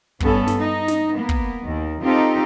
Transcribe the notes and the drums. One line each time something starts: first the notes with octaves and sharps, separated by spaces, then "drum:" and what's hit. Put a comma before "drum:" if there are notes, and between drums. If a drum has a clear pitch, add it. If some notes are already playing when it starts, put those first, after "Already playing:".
G2 B3 C#4 A4, drum: kick
drum: snare
D#4
drum: snare
A#3 B3
drum: kick
D#2 D#3
C4 D#4 F4 G4 A4